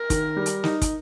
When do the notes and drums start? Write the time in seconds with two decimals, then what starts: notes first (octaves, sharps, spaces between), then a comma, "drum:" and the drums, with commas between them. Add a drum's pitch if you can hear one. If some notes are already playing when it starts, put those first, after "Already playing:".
Already playing: A#4
0.10 D#3, drum: kick, hi-hat
0.37 G3
0.46 drum: hi-hat
0.64 D#4, drum: snare
0.82 drum: kick, hi-hat